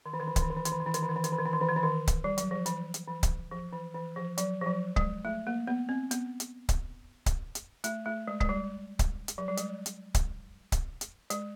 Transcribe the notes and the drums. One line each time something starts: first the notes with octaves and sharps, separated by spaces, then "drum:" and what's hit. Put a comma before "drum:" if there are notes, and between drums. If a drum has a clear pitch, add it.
D#3
E3
D#3
E3
D#3, drum: kick C#1, hi-hat
E3
D#3
E3
D#3, drum: hi-hat
E3
D#3
E3
D#3, drum: hi-hat
E3
D#3
E3
D#3, drum: hi-hat
E3
D#3
E3
D#3
E3
D#3
E3
D#3
drum: kick C#1, hi-hat
G3
F#3, drum: hi-hat
F3
E3, drum: hi-hat
drum: hi-hat
E3
drum: kick C#1, hi-hat
F3
E3
E3
F3
F#3, drum: hi-hat
F3
F#3
G#3, drum: kick C#1
A3
A#3
B3
C4
B3, drum: hi-hat
drum: hi-hat
drum: kick C#1, hi-hat
drum: kick C#1, hi-hat
drum: hi-hat
A3, drum: hi-hat
A3
G#3
G#3, drum: kick C#1
G3
drum: kick C#1, hi-hat
drum: hi-hat
F#3
G3
G#3, drum: hi-hat
drum: hi-hat
drum: kick C#1, hi-hat
drum: kick C#1, hi-hat
drum: hi-hat
G#3, drum: hi-hat